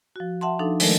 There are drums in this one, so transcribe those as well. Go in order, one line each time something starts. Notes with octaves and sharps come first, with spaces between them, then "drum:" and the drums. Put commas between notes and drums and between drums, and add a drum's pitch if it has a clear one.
F3 F#4
E5 F#5 A5 C6
F3 D4 D#4 A4
D#3 F3 G#3 A3 A4 A#4, drum: open hi-hat